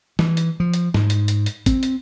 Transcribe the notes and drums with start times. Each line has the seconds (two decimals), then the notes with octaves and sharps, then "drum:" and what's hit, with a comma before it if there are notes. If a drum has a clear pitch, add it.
0.19 E3, drum: snare
0.37 drum: hi-hat
0.60 F3
0.74 drum: hi-hat
0.94 G#2, drum: snare
1.10 drum: hi-hat
1.28 drum: hi-hat
1.46 drum: hi-hat
1.66 C4, drum: kick, hi-hat
1.83 drum: hi-hat